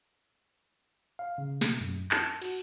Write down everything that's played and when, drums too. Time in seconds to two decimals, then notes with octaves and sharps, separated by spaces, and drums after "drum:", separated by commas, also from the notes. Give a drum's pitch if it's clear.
1.19 F5
1.38 C#3
1.61 B2, drum: snare
1.80 F#2
2.11 A5, drum: clap
2.42 F#4, drum: cymbal